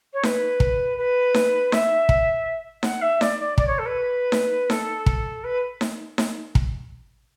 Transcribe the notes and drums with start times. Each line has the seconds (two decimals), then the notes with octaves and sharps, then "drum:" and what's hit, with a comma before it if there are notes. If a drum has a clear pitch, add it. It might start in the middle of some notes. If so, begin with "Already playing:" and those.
0.13 C#5
0.23 B4, drum: snare D#4
0.60 drum: kick
0.97 B4
1.34 drum: snare D#4
1.72 E5, drum: snare D#4
2.09 drum: kick
2.83 F#5, drum: snare D#4
3.01 E5
3.21 D5, drum: snare D#4
3.39 D5
3.58 D5, drum: kick
3.67 C#5
3.78 A4
3.85 B4
4.32 drum: snare D#4
4.70 A4, drum: snare D#4
5.06 drum: kick
5.44 B4
5.81 drum: snare D#4
6.18 drum: snare D#4
6.55 drum: kick